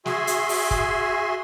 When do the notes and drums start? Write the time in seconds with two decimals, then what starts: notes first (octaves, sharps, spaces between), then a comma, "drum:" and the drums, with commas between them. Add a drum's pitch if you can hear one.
0.06 F#4 G#4 E5 G#5 C6, drum: snare
0.27 drum: hi-hat
0.49 drum: open hi-hat
0.71 drum: kick